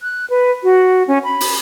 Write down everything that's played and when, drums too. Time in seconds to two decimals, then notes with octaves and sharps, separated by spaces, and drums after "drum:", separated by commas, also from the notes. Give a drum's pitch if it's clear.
0.01 F#6
0.30 B4
0.63 F#4
1.08 C#4
1.24 B5
1.40 drum: open hi-hat